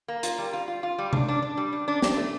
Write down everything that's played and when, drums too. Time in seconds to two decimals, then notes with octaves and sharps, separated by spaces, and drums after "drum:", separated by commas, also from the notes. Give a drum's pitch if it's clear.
0.08 A#3
0.23 F4, drum: hi-hat
0.39 G3
0.53 F4
0.68 F4
0.83 F4
0.98 G3
1.13 D4, drum: tom C3
1.28 D4
1.42 D4
1.57 G3
1.73 D4
1.88 D4
2.02 D4, drum: snare
2.17 A3